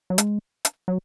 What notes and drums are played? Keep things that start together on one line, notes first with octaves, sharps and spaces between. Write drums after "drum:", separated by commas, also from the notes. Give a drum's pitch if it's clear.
F#3
G#3, drum: hi-hat
drum: hi-hat
F#3